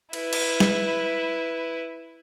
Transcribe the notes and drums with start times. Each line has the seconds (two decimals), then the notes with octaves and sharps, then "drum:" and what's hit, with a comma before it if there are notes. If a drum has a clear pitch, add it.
0.13 E4 B4, drum: cymbal
0.33 drum: cymbal
0.60 drum: snare